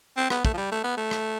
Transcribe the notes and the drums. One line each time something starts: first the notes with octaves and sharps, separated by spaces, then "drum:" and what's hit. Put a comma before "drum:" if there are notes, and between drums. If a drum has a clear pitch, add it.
C4
B3, drum: rim click
A3, drum: kick
F3
G3
A3
B3
A3
drum: rim click